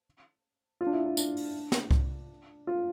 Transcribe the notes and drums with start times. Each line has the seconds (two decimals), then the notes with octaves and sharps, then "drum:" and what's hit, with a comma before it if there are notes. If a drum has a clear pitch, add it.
0.81 F4
0.87 D4
0.93 E4
1.06 E4
1.17 D4, drum: tambourine
1.37 drum: open hi-hat
1.72 drum: snare
1.91 drum: kick C2
2.67 F4